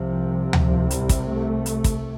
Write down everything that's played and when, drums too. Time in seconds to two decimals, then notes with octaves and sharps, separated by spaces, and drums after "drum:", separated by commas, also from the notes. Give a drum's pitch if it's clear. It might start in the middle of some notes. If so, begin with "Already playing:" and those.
Already playing: C2 C3 F3
0.53 F3, drum: tom D2
0.91 G3, drum: hi-hat
1.09 drum: kick, hi-hat
1.28 A3
1.66 drum: hi-hat
1.84 drum: kick, hi-hat